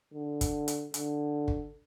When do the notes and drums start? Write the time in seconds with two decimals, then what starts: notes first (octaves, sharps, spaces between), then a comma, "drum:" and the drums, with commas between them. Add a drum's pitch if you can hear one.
0.14 D3
0.41 drum: kick G1, hi-hat
0.68 drum: hi-hat
0.94 D3, drum: hi-hat
1.48 drum: kick G1